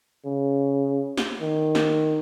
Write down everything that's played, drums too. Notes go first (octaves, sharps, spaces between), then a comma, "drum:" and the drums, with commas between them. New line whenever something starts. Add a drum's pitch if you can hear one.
C#3
drum: snare
D#3
drum: snare